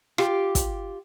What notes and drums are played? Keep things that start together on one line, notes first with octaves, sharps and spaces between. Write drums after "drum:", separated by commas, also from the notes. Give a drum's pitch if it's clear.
F4 G4, drum: rim click
drum: kick, hi-hat